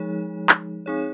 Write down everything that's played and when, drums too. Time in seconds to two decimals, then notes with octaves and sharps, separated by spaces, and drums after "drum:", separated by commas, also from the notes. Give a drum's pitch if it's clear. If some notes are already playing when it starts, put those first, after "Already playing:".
Already playing: F3 G#3 D#4 G#4 C#5
0.49 drum: clap
0.86 C4 D#4 G#4 C#5